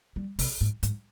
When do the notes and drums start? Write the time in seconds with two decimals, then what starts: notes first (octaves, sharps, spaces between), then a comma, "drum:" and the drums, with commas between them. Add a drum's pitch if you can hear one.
0.16 G3
0.39 C3, drum: kick, open hi-hat
0.61 G#2
0.83 G#2, drum: hi-hat